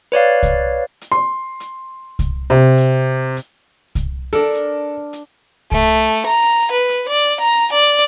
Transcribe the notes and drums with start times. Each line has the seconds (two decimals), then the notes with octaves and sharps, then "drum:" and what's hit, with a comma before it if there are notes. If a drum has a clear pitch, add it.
0.12 B4 C#5 D5 F5
0.43 drum: kick C2, hi-hat
1.01 drum: hi-hat
1.12 C6
1.60 drum: hi-hat
2.19 drum: kick C2, hi-hat
2.50 C3
2.78 drum: hi-hat
3.37 drum: hi-hat
3.95 drum: kick C2, hi-hat
4.33 D4 A4 A#4
4.54 drum: hi-hat
5.13 drum: hi-hat
5.72 A3, drum: kick C2, hi-hat
6.26 A#5
6.72 B4
6.89 drum: hi-hat
7.08 D5
7.40 A#5
7.73 D5